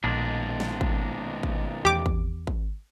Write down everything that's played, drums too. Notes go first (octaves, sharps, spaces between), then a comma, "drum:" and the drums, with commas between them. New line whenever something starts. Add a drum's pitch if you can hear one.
A#1 B2 D#3 G#3 A#3 D4
drum: snare
drum: kick G#1
drum: kick G#1
E2 G4 D6
drum: kick G#1
drum: kick G#1